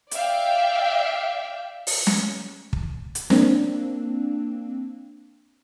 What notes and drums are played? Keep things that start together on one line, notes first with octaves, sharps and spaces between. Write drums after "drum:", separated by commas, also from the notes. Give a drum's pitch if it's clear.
D5 E5 F5 G5, drum: hi-hat
drum: open hi-hat
drum: snare
drum: kick
drum: hi-hat
A#3 C4 D4, drum: snare